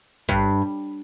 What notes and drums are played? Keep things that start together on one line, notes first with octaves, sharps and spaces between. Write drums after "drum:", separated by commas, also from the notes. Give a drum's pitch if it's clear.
G2, drum: kick